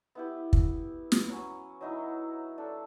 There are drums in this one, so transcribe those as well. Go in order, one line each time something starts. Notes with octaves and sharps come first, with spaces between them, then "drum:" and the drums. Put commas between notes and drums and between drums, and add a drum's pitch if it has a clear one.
B3 E4 G4
drum: kick
drum: snare
F#3 C#4
F#3 D#4 E4
D4 A4 E5